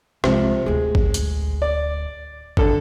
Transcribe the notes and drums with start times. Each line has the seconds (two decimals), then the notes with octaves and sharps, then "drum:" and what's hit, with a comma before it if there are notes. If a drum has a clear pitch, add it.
0.24 C2 C3 F3 G#3, drum: rim click
0.66 D1 D2 G#3
0.95 drum: kick
1.14 drum: hi-hat
1.62 D5
2.57 D3 A4, drum: kick